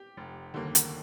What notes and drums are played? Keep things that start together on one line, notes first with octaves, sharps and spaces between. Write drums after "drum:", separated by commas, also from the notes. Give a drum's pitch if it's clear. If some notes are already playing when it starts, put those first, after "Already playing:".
Already playing: G4
F1
D#2 D3 G3 A#3
drum: hi-hat